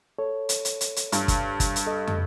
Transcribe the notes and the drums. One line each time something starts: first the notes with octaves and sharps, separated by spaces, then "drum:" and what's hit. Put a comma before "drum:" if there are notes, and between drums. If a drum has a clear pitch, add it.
A4 C#5
drum: hi-hat
drum: hi-hat
drum: hi-hat
drum: hi-hat
G2, drum: hi-hat
drum: kick G1, hi-hat
drum: kick G1, hi-hat
drum: hi-hat
A4 D#5
drum: tom